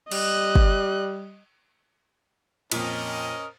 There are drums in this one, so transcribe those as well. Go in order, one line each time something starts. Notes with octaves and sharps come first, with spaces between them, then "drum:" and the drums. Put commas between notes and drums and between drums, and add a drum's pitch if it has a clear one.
G3 D#5 F#6, drum: cymbal
drum: kick
F2 A#2 C#4 A#4 D#5, drum: cymbal